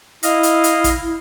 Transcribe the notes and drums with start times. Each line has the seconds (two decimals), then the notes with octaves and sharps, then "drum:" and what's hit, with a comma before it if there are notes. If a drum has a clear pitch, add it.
0.23 E4 D#5 F5, drum: hi-hat
0.43 drum: hi-hat
0.64 drum: hi-hat
0.84 drum: kick, hi-hat